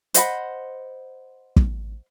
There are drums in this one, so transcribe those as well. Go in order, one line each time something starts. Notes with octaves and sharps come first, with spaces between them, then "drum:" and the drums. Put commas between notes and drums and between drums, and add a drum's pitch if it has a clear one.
C5 D#5 F#5 B5, drum: hi-hat
drum: kick